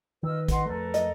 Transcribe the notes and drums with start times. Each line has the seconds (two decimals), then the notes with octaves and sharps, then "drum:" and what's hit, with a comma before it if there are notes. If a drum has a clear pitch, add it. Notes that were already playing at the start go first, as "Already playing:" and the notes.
0.23 D#3 F4 B4 D#5 E6
0.48 D#5 F#5 C6, drum: kick A1, hi-hat
0.66 F2 A3 A4 A#4 D5
0.94 D#5, drum: hi-hat